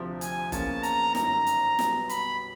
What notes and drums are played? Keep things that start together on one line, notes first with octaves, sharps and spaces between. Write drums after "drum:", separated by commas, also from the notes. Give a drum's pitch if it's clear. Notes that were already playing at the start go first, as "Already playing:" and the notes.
Already playing: D2 C3 F3
G#5, drum: hi-hat
E2 C#3 F3 A#3 C#4 A5, drum: kick G1, hi-hat
A#5, drum: hi-hat
G1 F#2 D#3 A#5, drum: snare
drum: hi-hat
B1 B2 G3 B3, drum: snare
B5, drum: hi-hat